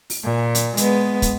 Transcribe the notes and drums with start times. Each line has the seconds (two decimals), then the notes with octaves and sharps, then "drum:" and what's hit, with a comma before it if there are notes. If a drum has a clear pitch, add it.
0.10 drum: open hi-hat
0.25 A#2
0.55 drum: hi-hat
0.77 G#3 B3, drum: hi-hat
1.22 drum: kick, hi-hat